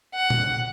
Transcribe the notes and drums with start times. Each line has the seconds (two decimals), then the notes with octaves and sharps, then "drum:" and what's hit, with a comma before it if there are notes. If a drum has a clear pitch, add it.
0.15 F#5
0.30 drum: tom A#2